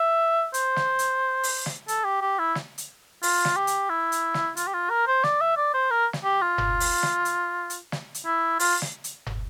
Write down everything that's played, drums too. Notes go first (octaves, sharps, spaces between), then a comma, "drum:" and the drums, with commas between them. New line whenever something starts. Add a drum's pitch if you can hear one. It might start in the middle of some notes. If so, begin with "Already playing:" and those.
Already playing: E5
C5, drum: hi-hat
drum: snare
drum: hi-hat
drum: open hi-hat
drum: snare
A4, drum: hi-hat
G4
G4
E4
drum: snare
drum: hi-hat
F4, drum: open hi-hat
drum: snare
G4
drum: hi-hat
E4
drum: hi-hat
drum: snare
F4, drum: hi-hat
G4
F4
A#4
C5
D5, drum: snare
E5
D5
C5
A#4
drum: snare
G4
F4
drum: tom F#1
drum: open hi-hat
drum: snare
drum: hi-hat
drum: hi-hat
drum: snare
drum: hi-hat
E4
F4, drum: open hi-hat
drum: snare
drum: hi-hat
drum: tom F#1